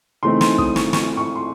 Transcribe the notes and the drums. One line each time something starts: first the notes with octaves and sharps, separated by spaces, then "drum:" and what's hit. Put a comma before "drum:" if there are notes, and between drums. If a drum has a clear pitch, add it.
C#3 E3 A3 C4 D#4 C6
C6, drum: snare
D#6, drum: kick
C#6, drum: snare
C#6, drum: snare
C#6
C6